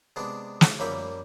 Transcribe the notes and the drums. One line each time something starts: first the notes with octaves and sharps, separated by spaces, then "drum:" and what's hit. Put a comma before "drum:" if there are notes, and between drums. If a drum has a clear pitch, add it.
C3 G#3 B3 D4
drum: snare
F#2 F3 G3 A#3 E5 B5